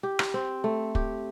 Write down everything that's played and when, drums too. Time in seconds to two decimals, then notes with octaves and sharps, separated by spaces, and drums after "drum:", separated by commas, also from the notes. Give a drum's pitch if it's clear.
0.03 G4
0.19 drum: rim click
0.34 C4
0.64 A3
0.95 G4, drum: kick